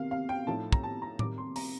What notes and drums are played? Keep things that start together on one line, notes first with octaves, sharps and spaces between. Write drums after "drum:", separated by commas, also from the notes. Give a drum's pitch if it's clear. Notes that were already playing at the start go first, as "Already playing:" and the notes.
Already playing: C3 D#3 A#3 F5
F5
G5
A2 F3 A3 D#4 A5
A#5, drum: kick
A5
A#5
C3 D#3 G3 A#3 D#4 D6, drum: tom A2
C6
A#5, drum: open hi-hat